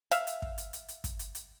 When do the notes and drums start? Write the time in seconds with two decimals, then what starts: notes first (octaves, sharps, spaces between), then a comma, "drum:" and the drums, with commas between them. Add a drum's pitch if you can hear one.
0.11 E5 F5, drum: hi-hat
0.27 drum: hi-hat
0.42 drum: kick
0.58 drum: hi-hat
0.73 drum: hi-hat
0.88 drum: hi-hat
1.04 drum: kick, hi-hat
1.19 drum: hi-hat
1.35 drum: hi-hat